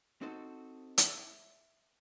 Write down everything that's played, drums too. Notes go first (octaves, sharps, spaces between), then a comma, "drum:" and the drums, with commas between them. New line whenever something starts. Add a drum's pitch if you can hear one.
C4 D#4 F#4 A4 C5
E5, drum: hi-hat